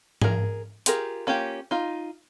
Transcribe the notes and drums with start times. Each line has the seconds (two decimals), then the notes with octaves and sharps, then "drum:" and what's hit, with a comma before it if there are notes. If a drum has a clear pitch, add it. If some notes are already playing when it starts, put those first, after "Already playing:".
0.22 G#4 A#4, drum: tom G#2
0.86 F4 G4 G#4 A#4, drum: hi-hat
1.27 A#3 C#4 F4 G4
1.71 D#4 F4